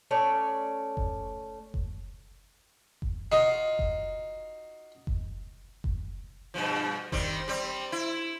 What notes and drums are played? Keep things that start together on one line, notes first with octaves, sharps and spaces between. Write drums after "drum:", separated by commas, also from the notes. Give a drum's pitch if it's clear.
A3 C#4 C#5 D5
drum: kick F#1
drum: kick F#1
drum: kick F#1
D#4 F4 F#4 D#5
drum: kick F#1
drum: kick F#1
drum: kick F#1
G2 B2 F3
D#3 G3 C4, drum: kick F#1
G3 C4
E4